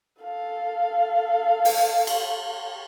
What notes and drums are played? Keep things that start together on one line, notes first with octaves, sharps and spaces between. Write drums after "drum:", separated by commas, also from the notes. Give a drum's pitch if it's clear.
A4 F5
drum: open hi-hat
drum: cymbal